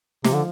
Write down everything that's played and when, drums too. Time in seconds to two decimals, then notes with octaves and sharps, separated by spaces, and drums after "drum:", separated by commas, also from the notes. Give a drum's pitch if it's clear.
0.24 C3 F3, drum: snare
0.33 D3